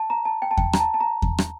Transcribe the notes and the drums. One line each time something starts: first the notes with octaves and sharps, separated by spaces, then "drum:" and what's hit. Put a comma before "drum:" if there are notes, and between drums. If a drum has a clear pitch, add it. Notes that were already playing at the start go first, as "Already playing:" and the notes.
Already playing: A5
A#5
A5
G5
A5
G5, drum: kick E2
A#5, drum: rim click
A5
A5
A#5
drum: kick E2
drum: rim click